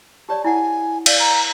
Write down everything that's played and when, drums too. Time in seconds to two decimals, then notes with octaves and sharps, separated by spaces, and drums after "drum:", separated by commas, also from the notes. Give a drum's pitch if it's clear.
0.29 G4 C#5 D5 A5
0.44 E4 D5 F#5 G#5
1.06 D5 F5, drum: cymbal
1.20 A#5